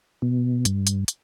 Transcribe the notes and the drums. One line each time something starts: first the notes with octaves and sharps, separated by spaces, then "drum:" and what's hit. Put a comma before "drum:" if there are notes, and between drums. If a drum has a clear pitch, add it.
B2
G2, drum: hi-hat
drum: hi-hat
drum: hi-hat